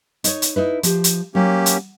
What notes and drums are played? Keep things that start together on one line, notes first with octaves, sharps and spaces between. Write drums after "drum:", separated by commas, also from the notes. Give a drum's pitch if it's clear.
D#4 A#4 C#5, drum: hi-hat
drum: hi-hat
D#4 E4 B4
F3 G4, drum: hi-hat
drum: hi-hat
F#3 A#3 C#4 G4
drum: hi-hat